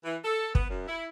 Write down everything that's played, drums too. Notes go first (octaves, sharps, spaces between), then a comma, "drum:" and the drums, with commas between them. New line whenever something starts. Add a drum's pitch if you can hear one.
E3
A4
B3, drum: kick
F#2
E4